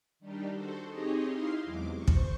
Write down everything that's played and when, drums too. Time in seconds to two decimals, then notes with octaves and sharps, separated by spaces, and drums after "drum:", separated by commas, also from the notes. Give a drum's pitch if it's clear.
0.19 D#3 G3 D4 D#4 G4
0.52 F#4 A4 C5
0.90 C4 D#4 G4 G#4 C#5 D#5
1.27 D#4 E4 F5 C6
1.64 E2 C3 F#3 G#3 D6
1.93 C5 C#6
2.08 drum: kick